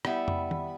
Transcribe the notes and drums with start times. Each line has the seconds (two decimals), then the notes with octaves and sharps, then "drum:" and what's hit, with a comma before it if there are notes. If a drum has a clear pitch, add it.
0.05 G3 B3 E4, drum: rim click
0.28 drum: tom F2
0.51 drum: tom D#3